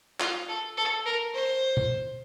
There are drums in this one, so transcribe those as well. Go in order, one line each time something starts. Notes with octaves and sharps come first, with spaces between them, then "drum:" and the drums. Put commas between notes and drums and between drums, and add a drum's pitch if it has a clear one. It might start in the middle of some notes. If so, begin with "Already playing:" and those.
F4, drum: clap
A4
A4
A#4
C5
drum: tom